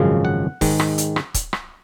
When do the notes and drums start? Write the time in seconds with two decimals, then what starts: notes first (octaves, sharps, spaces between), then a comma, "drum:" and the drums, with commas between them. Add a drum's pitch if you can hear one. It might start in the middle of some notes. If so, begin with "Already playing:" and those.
Already playing: G#1 F#2 C#3 F3 G#3 F5
0.25 F#5
0.61 G#2 D#3 G#3, drum: kick, open hi-hat
0.80 drum: rim click
0.98 drum: hi-hat
1.16 drum: rim click
1.34 drum: kick, hi-hat
1.53 drum: rim click